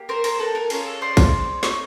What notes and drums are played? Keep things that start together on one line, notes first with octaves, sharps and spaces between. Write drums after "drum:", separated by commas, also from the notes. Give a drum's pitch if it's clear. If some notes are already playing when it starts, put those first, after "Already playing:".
Already playing: A#3 G4
A#4 C5
A#4 C5, drum: cymbal
A4 B4
A#4
C#4 F4 G#4 A#4, drum: cymbal
A4
C5 D5
drum: kick, cymbal
A3 C4 D#4 C#5 D#5, drum: snare